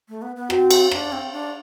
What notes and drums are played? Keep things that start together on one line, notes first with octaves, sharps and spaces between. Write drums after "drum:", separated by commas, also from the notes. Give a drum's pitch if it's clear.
A3
B3
B3
C4 F#4, drum: rim click
drum: cymbal
D4, drum: rim click
C4
D4